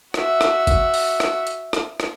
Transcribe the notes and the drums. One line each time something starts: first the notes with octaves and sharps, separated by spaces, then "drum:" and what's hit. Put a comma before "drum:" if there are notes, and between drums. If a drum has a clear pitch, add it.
F#4 E5, drum: rim click
drum: rim click
drum: kick, hi-hat
drum: open hi-hat
drum: rim click
drum: hi-hat
drum: rim click
drum: rim click